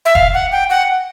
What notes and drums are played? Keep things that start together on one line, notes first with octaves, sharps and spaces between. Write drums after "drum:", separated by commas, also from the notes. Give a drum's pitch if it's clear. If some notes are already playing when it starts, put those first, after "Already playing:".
E5
F5, drum: kick
F#5
G5
F#5